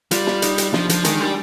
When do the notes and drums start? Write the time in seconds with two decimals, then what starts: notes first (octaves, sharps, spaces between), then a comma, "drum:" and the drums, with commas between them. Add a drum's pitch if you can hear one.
0.11 G3 F4, drum: hi-hat
0.27 drum: snare
0.42 D#4, drum: hi-hat
0.58 drum: hi-hat
0.73 F3 D4, drum: snare
0.89 F3, drum: hi-hat
1.05 D#3 G#3, drum: hi-hat
1.20 G3